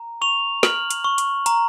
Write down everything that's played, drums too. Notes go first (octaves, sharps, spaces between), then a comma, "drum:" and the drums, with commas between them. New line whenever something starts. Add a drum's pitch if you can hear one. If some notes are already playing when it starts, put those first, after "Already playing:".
Already playing: A#5
C#6 F7
F6 F#7, drum: snare
drum: hi-hat
C#6
drum: hi-hat
A#5, drum: hi-hat